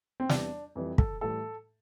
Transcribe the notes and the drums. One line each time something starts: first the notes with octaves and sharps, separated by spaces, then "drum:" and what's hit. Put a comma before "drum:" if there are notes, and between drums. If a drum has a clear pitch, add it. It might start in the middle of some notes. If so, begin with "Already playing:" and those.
C4
E2 C3 E3 G3 D4, drum: snare
F2 E3 G3
A4, drum: kick
A2 E3 G3 A4